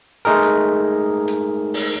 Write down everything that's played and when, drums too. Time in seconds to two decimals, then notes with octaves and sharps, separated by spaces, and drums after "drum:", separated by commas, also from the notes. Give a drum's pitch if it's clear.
0.25 G#3 A3 D#4 G#4 A#4
0.43 drum: hi-hat
1.28 drum: hi-hat
1.74 drum: open hi-hat